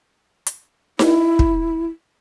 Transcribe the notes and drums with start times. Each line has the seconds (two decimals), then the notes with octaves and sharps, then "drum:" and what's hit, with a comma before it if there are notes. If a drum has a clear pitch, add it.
0.47 drum: hi-hat
0.99 E4, drum: snare D#4
1.39 drum: kick